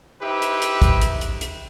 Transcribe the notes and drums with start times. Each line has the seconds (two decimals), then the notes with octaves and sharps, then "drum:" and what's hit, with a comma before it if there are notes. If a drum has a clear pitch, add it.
0.22 D#4 E4 G4 B4 C5 E5
0.42 drum: hi-hat
0.62 drum: hi-hat
0.82 drum: kick, hi-hat
1.01 drum: hi-hat
1.21 drum: hi-hat
1.41 drum: hi-hat